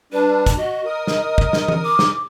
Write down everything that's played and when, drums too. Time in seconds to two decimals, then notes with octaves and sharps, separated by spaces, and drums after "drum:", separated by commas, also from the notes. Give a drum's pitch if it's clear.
0.12 G3 D4 B4
0.46 drum: kick, hi-hat
0.58 F#4 D#5
0.85 A#4 D#6
1.07 drum: snare
1.38 drum: kick
1.53 drum: snare
1.68 drum: tom E3
1.84 D6
1.99 drum: snare